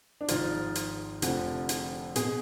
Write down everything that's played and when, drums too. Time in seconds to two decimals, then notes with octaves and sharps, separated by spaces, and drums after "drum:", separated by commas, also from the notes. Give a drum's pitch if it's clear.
0.21 D4
0.28 G#1 G#2 F3 F4, drum: hi-hat
0.75 drum: hi-hat
1.22 F1 F2 D3 F3, drum: hi-hat
1.69 drum: hi-hat
2.16 B2 G#4, drum: hi-hat